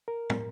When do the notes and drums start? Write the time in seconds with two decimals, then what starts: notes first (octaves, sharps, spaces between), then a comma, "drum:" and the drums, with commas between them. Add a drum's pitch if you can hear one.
0.08 A#4
0.30 drum: tom